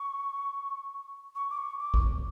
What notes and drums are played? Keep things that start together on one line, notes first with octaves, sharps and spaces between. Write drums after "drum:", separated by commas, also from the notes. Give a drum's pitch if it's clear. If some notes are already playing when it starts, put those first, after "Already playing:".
Already playing: C#6
C#6
D6
C#6
D6
drum: kick G#1